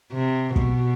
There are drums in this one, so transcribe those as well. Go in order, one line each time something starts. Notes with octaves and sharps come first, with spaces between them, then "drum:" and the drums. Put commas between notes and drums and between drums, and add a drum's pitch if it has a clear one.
C3
B2, drum: kick